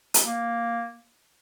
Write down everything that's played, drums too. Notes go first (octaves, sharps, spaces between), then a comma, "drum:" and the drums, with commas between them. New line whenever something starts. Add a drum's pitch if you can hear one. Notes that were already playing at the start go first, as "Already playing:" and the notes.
drum: hi-hat
A#3